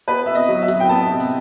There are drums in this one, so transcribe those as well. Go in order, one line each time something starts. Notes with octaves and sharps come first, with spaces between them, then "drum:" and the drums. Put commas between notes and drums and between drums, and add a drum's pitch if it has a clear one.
B3 B4
B3 E5
D#5
F#3
E5
F#3, drum: hi-hat
G5
B3 A5
C3
drum: open hi-hat